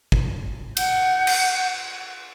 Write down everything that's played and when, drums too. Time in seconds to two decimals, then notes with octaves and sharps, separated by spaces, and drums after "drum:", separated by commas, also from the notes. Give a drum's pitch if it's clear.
0.12 drum: kick
0.77 F#5 G6, drum: cymbal
1.27 drum: cymbal